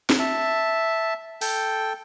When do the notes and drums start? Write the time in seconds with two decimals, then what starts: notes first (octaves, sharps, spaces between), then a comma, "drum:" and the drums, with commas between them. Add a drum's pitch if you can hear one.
0.10 drum: snare
0.19 E5 A5
1.41 A4 G5, drum: open hi-hat